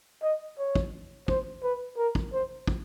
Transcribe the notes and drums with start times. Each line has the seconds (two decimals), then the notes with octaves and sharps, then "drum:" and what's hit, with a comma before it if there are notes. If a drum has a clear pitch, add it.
0.23 D#5
0.58 C#5
0.75 drum: kick
1.28 C5, drum: kick
1.63 B4
1.97 A#4
2.15 drum: kick
2.33 C5
2.67 drum: kick